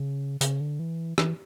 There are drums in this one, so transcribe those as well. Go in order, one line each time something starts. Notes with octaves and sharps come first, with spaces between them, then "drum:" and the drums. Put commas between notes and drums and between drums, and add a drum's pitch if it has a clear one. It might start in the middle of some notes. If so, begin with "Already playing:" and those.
Already playing: C#3
C#3, drum: hi-hat
D3
E3
E3, drum: rim click